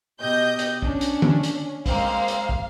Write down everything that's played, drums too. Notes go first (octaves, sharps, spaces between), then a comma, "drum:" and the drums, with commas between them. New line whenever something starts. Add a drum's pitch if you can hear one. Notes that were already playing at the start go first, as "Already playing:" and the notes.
B2 G4 D#5 G6
drum: hi-hat
C#4 D4, drum: kick
drum: hi-hat
drum: tom D3
drum: hi-hat
G#3 A#3 C4 F5, drum: kick, open hi-hat
drum: hi-hat
drum: kick